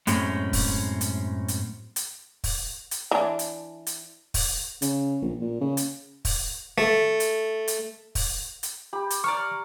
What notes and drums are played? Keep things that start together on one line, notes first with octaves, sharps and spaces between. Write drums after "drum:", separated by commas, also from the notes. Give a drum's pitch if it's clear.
F#2 A2 G#3 C4 C#4, drum: hi-hat
drum: kick, open hi-hat
drum: hi-hat
drum: hi-hat
drum: hi-hat
drum: kick, open hi-hat
drum: hi-hat
E3 D4
drum: hi-hat
drum: hi-hat
drum: kick, open hi-hat
C#3, drum: hi-hat
A#1
A#2
C#3
drum: hi-hat
drum: kick, open hi-hat
A3
drum: hi-hat
drum: hi-hat
drum: kick, open hi-hat
drum: hi-hat
G4 B5
drum: hi-hat
D5 A#5 C#6 F6